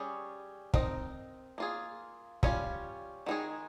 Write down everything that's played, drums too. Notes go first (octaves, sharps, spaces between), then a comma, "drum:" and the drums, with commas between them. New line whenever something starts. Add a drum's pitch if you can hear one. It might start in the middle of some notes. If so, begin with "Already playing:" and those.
Already playing: G3 C#4 G#4 C#5
C4 D#4 A#4 D#5, drum: kick
A#3 F4 G#4
G3 C#4 F4, drum: kick
D#3 G#3 C4 D#4 G#4